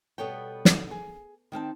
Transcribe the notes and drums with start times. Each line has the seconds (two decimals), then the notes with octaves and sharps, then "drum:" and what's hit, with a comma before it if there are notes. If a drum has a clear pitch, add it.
0.18 B2 G3 B3 A4 C#5 G5
0.65 drum: snare
0.91 G#4
1.52 D#3 C4 F5 A5